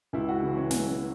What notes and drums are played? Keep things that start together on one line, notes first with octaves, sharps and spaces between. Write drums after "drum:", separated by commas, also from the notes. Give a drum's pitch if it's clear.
C#2 E4
F#4
C#3 E3
C#4
C#2, drum: snare